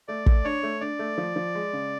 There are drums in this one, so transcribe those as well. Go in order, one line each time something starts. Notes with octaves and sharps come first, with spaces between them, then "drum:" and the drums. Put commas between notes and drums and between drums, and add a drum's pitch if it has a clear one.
A3 D5
A3, drum: kick
D4 C#5
A3
D4 D5
A3
F3
F3
G#3
C#3